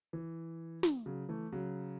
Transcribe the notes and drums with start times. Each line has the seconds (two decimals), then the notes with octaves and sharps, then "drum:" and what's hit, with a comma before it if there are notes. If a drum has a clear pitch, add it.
0.13 E3
0.83 drum: snare
1.06 C#3 F#3
1.29 E3 A3
1.52 C#3 F#3